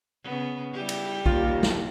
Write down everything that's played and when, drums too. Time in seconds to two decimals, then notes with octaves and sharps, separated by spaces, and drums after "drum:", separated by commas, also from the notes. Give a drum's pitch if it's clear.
0.23 C#3 B3
0.73 G3 E4 G4
0.89 drum: cymbal
1.26 D#2 F4, drum: kick B1
1.63 drum: snare